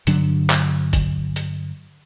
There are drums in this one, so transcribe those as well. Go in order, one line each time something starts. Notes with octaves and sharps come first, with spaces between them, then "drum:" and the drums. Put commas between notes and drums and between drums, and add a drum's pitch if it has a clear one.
G2 D3 F#3 D4, drum: hi-hat
drum: clap
drum: kick, hi-hat
drum: hi-hat